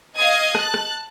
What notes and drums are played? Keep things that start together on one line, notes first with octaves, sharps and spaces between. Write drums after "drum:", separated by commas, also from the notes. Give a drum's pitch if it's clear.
D#5 F5 D#6 G#6
A5 F#6, drum: rim click
drum: rim click